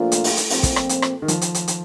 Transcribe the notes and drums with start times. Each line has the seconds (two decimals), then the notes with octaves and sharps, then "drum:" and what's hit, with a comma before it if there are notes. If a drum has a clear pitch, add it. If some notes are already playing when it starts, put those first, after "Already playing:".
Already playing: A#2 F3 A3 A#3 D4 F4
0.12 A3, drum: hi-hat
0.24 drum: open hi-hat
0.37 drum: hi-hat
0.50 A#2 F3 C4, drum: open hi-hat
0.63 drum: kick, hi-hat
0.76 drum: rim click
0.89 drum: hi-hat
1.02 drum: rim click
1.22 D#3
1.28 F3, drum: hi-hat
1.41 drum: hi-hat
1.55 drum: hi-hat
1.68 drum: hi-hat